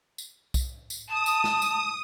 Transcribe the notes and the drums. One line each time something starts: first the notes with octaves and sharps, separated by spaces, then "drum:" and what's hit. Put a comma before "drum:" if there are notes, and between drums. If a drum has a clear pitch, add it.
drum: tambourine
drum: kick B1, tambourine
drum: tambourine
A5 D#6
drum: tambourine
drum: snare
drum: tambourine